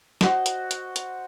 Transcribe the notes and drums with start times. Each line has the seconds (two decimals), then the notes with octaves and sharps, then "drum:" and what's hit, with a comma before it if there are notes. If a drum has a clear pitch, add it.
0.21 F#4 C5 D#5, drum: snare
0.46 drum: hi-hat
0.71 drum: hi-hat
0.96 drum: hi-hat